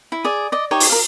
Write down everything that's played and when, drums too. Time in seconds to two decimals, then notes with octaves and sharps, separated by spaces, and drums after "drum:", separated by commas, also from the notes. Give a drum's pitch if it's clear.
0.12 E4
0.24 G#4 D5 D#6
0.52 D5 D#5
0.71 D#4 G4 C#5
0.80 drum: open hi-hat
0.89 A#4 F5